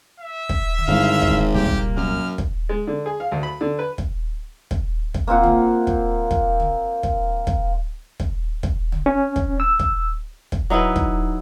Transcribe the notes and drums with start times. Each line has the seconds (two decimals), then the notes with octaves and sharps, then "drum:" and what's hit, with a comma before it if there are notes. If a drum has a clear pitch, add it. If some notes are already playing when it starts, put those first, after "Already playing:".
0.20 E5
0.49 drum: kick
0.78 drum: tom
0.88 G#1 G2 D3 E4 F5
1.22 drum: kick
1.54 C2 A#2 G3 A#3 G4
1.66 drum: kick
1.96 F#2 F6
2.38 drum: kick
2.69 G#3
2.87 D3
3.06 G#4
3.20 F5
3.32 D2
3.43 B5
3.61 D3
3.79 B4
3.98 drum: kick
4.71 drum: kick
5.14 drum: kick
5.27 A#3 C4 F4 F#5
5.43 drum: tom
5.87 drum: kick
6.31 drum: kick
6.60 drum: tom
7.03 drum: kick
7.47 drum: kick
8.20 drum: kick
8.63 drum: kick
8.92 drum: tom
9.06 C#4
9.36 drum: kick
9.60 E6
9.79 drum: kick
10.52 drum: kick
10.70 F#3 D#4 E4 B4
10.96 drum: kick